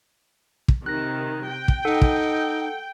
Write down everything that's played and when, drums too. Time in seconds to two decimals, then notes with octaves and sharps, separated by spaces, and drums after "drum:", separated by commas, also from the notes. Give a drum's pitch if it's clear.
0.68 drum: kick
0.86 C3 D#3 F#6 A#6
1.49 G5
1.68 drum: kick
1.85 D#4 A4 F#5
2.02 drum: kick